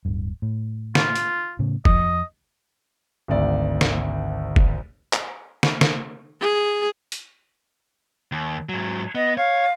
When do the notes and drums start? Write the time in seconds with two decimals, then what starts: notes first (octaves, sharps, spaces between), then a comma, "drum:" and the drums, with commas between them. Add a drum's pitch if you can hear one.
0.05 D1 G2
0.42 A2
0.95 F4, drum: snare
1.16 drum: hi-hat
1.59 A2 C#3
1.85 F2 F3 D#5, drum: kick
3.28 G#1 D2 D5
3.81 drum: snare
4.56 drum: kick
5.13 drum: clap
5.63 drum: snare
5.81 drum: snare
6.41 G#4
7.12 drum: hi-hat
8.32 D#2
8.69 G#2 F#3
9.15 B3 D#5
9.37 C#5 F5